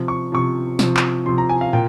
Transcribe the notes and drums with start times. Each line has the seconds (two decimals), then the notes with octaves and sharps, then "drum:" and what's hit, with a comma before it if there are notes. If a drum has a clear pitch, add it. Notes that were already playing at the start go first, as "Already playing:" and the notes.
Already playing: C3 F3
0.08 C#6
0.32 C3 F3 C#6
0.79 C3 F3, drum: snare
0.97 drum: clap
1.26 C3 F3 C6
1.38 A#5
1.49 G#5
1.61 F5
1.73 A#2 G5